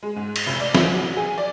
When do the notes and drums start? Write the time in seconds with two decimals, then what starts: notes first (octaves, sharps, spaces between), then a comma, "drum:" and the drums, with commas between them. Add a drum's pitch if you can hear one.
0.03 G#3
0.16 G#2
0.36 drum: cymbal
0.47 F1
0.60 D5
0.75 E4, drum: snare
0.92 F#3
1.17 G#4
1.38 D5